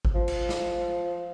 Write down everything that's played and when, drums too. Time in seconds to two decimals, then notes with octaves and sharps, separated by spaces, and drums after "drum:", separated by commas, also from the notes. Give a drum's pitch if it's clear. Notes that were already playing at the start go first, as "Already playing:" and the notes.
0.05 drum: kick G#1
0.15 F3
0.28 drum: cymbal
0.49 drum: snare